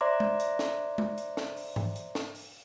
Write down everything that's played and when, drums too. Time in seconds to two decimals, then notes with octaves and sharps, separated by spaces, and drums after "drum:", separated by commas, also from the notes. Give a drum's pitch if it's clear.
0.01 C5 D5 E5 A#5 C6 D6
0.20 drum: tom G#3
0.40 drum: hi-hat
0.59 drum: snare
0.98 drum: tom G#3
1.18 drum: hi-hat
1.37 drum: snare
1.57 drum: open hi-hat
1.76 drum: tom G#2
1.96 drum: hi-hat
2.15 drum: snare
2.35 drum: open hi-hat